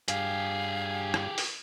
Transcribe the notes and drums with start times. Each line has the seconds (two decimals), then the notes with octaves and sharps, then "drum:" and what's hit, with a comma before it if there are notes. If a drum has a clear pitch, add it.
0.08 G2 G4 G#4 F5 G#5, drum: hi-hat
1.14 drum: rim click
1.38 drum: open hi-hat